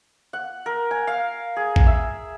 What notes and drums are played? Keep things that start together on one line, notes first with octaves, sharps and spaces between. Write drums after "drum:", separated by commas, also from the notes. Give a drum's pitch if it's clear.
F#5
A#4
G#5
F5
G#4
drum: kick A#1
E5